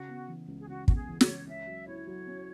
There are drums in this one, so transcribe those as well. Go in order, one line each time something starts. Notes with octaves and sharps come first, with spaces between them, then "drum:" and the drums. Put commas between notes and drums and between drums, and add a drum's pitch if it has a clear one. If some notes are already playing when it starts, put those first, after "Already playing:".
Already playing: C#3 F#4
B3
E3
C#2
G#4
C#3 F#4
B3 F#4, drum: kick
G#4
E3
C#5, drum: snare
C#2
C#4 E5
F#3
E4 C#5
F#3
C#4